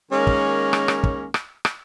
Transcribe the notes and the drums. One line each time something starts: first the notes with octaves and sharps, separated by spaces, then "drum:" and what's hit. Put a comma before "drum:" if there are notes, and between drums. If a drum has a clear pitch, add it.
D#3 G#3 A#3 C#4
drum: kick
drum: rim click
drum: rim click
drum: kick
drum: rim click
drum: rim click